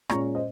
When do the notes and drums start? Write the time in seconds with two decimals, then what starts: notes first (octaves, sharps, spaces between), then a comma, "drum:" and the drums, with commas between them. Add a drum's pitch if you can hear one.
0.09 A#2 G#3 C#4 A#5 C#6, drum: rim click
0.35 C5 D#5